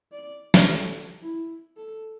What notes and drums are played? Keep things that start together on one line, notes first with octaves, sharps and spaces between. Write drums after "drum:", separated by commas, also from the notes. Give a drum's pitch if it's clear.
D5
drum: snare
A4
E4
A4